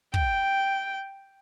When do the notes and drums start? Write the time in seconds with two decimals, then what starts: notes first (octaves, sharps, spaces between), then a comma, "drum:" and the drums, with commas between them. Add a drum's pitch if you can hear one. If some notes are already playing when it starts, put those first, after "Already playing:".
0.14 G5, drum: kick